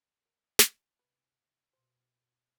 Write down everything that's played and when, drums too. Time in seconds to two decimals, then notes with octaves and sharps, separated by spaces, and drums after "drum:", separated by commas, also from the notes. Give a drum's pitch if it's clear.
0.25 A#4
0.59 drum: snare
0.99 C3 B4
1.73 B2 C5